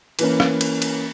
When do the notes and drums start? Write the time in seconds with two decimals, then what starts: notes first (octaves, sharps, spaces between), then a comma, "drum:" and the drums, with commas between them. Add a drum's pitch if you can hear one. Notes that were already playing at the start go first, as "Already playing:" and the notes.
0.19 E3 A#3 C#4 B4, drum: cymbal
0.40 drum: rim click
0.61 drum: cymbal
0.82 drum: cymbal